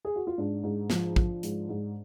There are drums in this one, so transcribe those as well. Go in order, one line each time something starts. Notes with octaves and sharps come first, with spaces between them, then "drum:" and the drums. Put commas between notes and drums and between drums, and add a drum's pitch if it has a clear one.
G#4
F#4
F4
G#2 D4
G#2
F3, drum: snare
F3, drum: kick
G#2, drum: hi-hat
G#2